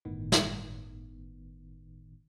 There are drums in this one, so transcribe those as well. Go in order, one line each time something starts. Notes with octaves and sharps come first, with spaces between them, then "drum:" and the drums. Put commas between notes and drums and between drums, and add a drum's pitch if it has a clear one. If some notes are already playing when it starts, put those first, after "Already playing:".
G1 A2 D#3 B3
drum: snare